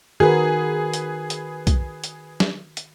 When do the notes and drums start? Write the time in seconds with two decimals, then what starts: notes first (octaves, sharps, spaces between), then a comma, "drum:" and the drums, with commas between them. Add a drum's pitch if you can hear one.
0.20 D#3 F#4 G#4 A#4 B4
0.94 drum: hi-hat
1.30 drum: hi-hat
1.67 drum: kick B1, hi-hat
2.04 drum: hi-hat
2.40 drum: snare
2.77 drum: hi-hat